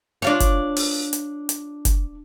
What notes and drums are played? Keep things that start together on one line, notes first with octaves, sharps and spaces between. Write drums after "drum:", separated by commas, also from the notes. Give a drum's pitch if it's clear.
D4 F4 C#5
drum: kick, hi-hat
drum: open hi-hat
drum: hi-hat
drum: hi-hat
drum: kick, hi-hat